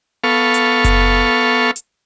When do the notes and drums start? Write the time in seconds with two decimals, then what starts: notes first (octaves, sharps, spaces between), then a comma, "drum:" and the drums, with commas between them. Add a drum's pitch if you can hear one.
0.24 B3 A4 F5 C#6
0.54 drum: hi-hat
0.84 drum: kick F#1, hi-hat
1.76 drum: hi-hat